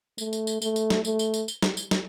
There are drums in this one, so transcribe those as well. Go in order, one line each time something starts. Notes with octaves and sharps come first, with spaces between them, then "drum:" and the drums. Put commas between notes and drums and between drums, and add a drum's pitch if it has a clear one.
A3, drum: tambourine
drum: tambourine
drum: tambourine
A3, drum: tambourine
drum: tambourine
drum: snare
A3, drum: tambourine
drum: tambourine
drum: tambourine
drum: tambourine
drum: snare
drum: tambourine
drum: snare